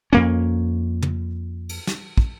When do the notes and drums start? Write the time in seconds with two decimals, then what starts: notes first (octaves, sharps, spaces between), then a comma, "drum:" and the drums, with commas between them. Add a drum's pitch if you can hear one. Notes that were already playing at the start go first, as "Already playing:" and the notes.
0.13 F2 A#3 C#4
1.02 drum: tom
1.69 drum: cymbal
1.87 drum: snare
2.17 drum: kick